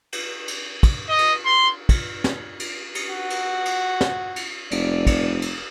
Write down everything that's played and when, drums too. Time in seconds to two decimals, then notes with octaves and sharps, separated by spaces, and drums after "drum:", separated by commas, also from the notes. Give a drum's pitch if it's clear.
0.13 drum: cymbal
0.48 drum: cymbal
0.83 drum: kick, cymbal
1.09 D#5
1.18 drum: cymbal
1.45 C6
1.89 drum: kick, cymbal
2.24 drum: snare
2.60 drum: cymbal
2.95 drum: cymbal
3.10 F#4
3.30 drum: cymbal
3.65 drum: cymbal
4.01 drum: snare
4.36 drum: cymbal
4.71 F1 D5, drum: cymbal
5.07 drum: kick, cymbal
5.42 drum: cymbal